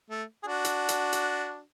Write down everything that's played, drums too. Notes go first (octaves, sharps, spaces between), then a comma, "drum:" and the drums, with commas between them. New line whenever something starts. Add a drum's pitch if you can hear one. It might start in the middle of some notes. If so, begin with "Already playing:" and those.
A3
G#4
D4 F#4
drum: hi-hat
drum: hi-hat
drum: hi-hat